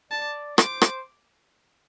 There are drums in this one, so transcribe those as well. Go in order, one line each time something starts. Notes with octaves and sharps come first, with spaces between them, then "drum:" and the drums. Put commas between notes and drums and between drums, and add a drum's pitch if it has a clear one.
D5 A5
C5 D6, drum: rim click
drum: rim click